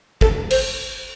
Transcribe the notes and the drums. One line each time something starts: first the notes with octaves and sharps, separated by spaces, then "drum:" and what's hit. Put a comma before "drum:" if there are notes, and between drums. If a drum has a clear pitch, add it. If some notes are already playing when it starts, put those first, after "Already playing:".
A4, drum: kick
C5, drum: cymbal